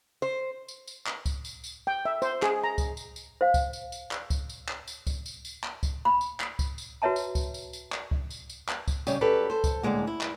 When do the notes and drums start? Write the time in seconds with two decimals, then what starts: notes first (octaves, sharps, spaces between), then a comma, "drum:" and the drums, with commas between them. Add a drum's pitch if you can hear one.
0.22 C5
0.68 drum: tambourine
0.87 drum: tambourine
1.06 drum: clap
1.26 drum: kick, tambourine
1.45 drum: tambourine
1.64 drum: tambourine
1.87 G5
2.05 E5
2.22 C5, drum: tambourine
2.42 G#4, drum: clap
2.64 A#5
2.78 drum: kick, tambourine
2.97 drum: tambourine
3.16 drum: tambourine
3.41 C5 F5
3.54 drum: kick, tambourine
3.73 drum: tambourine
3.92 drum: tambourine
4.11 drum: clap
4.30 drum: kick, tambourine
4.49 drum: tambourine
4.68 drum: clap
4.88 drum: tambourine
5.07 drum: kick, tambourine
5.26 drum: tambourine
5.45 drum: tambourine
5.64 drum: clap
5.83 drum: kick, tambourine
6.05 B5
6.21 drum: tambourine
6.40 drum: clap
6.59 drum: kick, tambourine
6.78 drum: tambourine
7.02 F#4 B4 C#5 E5 A5 A#5
7.16 drum: tambourine
7.35 drum: kick, tambourine
7.54 drum: tambourine
7.73 drum: tambourine
7.92 drum: clap
8.11 drum: kick
8.30 drum: tambourine
8.49 drum: tambourine
8.69 drum: clap
8.88 drum: kick, tambourine
9.07 C#3 G3 C#4 D#5, drum: tambourine
9.21 F#3 C#4 G4 A4 B4 D5
9.50 A4 C5
9.64 drum: kick, tambourine
9.83 A2 D3 F#3 G#3 A#3
10.07 E4
10.21 drum: clap